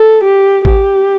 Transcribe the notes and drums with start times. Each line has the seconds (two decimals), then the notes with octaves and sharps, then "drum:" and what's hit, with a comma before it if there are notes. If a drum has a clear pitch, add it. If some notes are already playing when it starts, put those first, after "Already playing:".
Already playing: A4
0.24 G4
0.65 G4, drum: kick A1